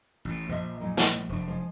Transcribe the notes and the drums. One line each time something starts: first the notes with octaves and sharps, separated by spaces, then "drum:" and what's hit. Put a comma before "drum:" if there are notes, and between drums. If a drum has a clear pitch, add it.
A1 A2
A#1 F3 D#5 E5
F#3 G#3 D#4
drum: snare
F1 F3 D4
F3 G#3